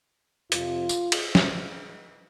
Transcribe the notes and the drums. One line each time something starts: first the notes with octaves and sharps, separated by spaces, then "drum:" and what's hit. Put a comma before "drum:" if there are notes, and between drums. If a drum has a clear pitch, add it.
F2 C3 F3 F4, drum: hi-hat
drum: tambourine
drum: cymbal
drum: snare